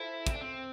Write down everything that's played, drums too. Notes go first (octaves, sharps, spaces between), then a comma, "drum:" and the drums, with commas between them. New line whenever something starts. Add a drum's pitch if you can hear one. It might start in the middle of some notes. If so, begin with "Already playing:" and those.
Already playing: E4 F4 A4 C5 E5
C4, drum: kick, hi-hat
D4
C4